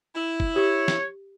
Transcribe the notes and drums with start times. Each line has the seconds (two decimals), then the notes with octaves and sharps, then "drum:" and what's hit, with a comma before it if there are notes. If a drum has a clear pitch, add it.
0.15 E4
0.40 drum: kick
0.56 G4 C#5
0.88 drum: snare